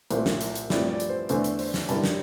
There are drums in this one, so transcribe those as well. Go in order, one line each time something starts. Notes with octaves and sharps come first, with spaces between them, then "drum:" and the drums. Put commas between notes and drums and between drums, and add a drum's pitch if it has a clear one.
C2 A#2 A3 C5, drum: hi-hat
drum: snare
drum: hi-hat
drum: hi-hat
G2 F3 A3 C4 E4 D5, drum: snare
D5
drum: hi-hat
C5
E2 D3 A3 C5, drum: hi-hat
drum: hi-hat
C5, drum: open hi-hat
drum: snare
G2 D3 G3 A#3 E4 A5, drum: hi-hat
drum: snare